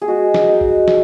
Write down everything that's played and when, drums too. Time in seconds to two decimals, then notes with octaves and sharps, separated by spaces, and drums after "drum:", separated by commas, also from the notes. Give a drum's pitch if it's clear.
0.02 G#4
0.08 G#3 F#4
0.34 drum: snare
0.47 D#4
0.61 drum: kick
0.88 drum: snare